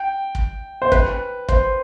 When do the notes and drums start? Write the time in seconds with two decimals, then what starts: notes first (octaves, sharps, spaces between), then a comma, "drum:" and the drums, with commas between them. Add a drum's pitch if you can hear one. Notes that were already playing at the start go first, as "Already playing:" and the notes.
Already playing: G5
0.35 drum: kick
0.82 C5
0.92 B4, drum: kick
1.48 C5, drum: kick